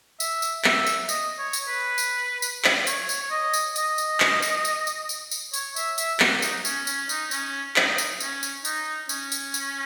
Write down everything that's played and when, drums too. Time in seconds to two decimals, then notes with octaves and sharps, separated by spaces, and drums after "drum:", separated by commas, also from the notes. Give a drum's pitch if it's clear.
0.20 E5, drum: tambourine
0.42 drum: tambourine
0.64 E5, drum: clap
0.87 drum: tambourine
1.09 D#5, drum: tambourine
1.39 C#5
1.53 drum: tambourine
1.68 B4
1.98 drum: tambourine
2.42 drum: tambourine
2.65 drum: clap
2.87 C#5, drum: tambourine
3.09 drum: tambourine
3.22 C#5
3.31 D#5
3.53 drum: tambourine
3.76 D#5, drum: tambourine
3.98 drum: tambourine
4.20 drum: clap
4.42 drum: tambourine
4.65 drum: tambourine
4.87 drum: tambourine
5.09 drum: tambourine
5.31 drum: tambourine
5.54 C#5, drum: tambourine
5.76 E5, drum: tambourine
5.98 E5, drum: tambourine
6.20 F#4, drum: clap
6.42 D#4, drum: tambourine
6.65 C#4, drum: tambourine
6.87 C#4, drum: tambourine
7.09 D#4, drum: tambourine
7.31 C#4, drum: tambourine
7.76 D#4, drum: clap
7.98 drum: tambourine
8.20 C#4, drum: tambourine
8.43 drum: tambourine
8.65 D#4, drum: tambourine
9.09 C#4, drum: tambourine
9.32 drum: tambourine
9.54 drum: tambourine